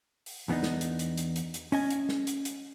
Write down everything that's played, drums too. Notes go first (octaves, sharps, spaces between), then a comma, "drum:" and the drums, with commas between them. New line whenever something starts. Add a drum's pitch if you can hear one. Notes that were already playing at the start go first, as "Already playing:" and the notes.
drum: open hi-hat
E2 E3 B3 D4 D#4
drum: snare
drum: hi-hat
drum: hi-hat
drum: hi-hat
drum: hi-hat
drum: hi-hat
C#4 D#5 G#5, drum: open hi-hat
drum: hi-hat
drum: snare
drum: hi-hat
drum: hi-hat